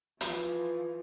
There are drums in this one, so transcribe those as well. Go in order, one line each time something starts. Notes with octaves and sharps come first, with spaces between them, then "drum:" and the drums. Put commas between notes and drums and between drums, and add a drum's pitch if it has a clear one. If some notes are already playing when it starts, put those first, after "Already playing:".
E3 F3, drum: hi-hat